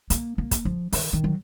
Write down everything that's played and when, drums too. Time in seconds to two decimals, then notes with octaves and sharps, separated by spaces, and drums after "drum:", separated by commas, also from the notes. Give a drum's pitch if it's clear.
0.10 A#3, drum: hi-hat
0.38 A#3
0.51 drum: kick, hi-hat
0.65 F3
0.93 D#3, drum: open hi-hat
1.13 D#3
1.24 F#3